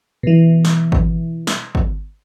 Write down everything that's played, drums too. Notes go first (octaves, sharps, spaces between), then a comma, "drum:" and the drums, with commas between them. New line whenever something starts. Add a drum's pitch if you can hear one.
B2 E3
drum: snare
drum: kick
drum: snare
drum: kick